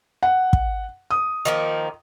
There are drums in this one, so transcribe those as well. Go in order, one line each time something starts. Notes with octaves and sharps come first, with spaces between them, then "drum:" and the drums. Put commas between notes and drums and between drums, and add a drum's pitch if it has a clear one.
F#5
drum: kick
D#6
D#3 F3 A#3